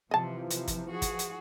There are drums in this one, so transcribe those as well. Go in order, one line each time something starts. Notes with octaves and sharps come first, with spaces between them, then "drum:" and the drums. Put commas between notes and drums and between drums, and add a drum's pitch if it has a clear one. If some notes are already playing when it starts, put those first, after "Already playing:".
C3 E3 F3 D#5 A5
C3, drum: hi-hat
drum: kick, hi-hat
F#4 G#4
drum: kick, hi-hat
drum: hi-hat